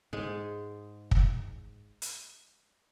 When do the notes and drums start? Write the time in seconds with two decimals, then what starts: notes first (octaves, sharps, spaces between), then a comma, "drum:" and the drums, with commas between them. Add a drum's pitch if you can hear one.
0.13 G#2 G#3
1.11 drum: kick
2.02 drum: hi-hat